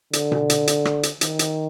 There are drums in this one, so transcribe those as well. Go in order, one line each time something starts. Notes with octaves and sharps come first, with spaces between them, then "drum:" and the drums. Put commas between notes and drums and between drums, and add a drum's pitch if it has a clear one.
D3, drum: hi-hat
drum: tom B2
drum: hi-hat
drum: hi-hat
drum: rim click
drum: hi-hat
D#3, drum: hi-hat
drum: hi-hat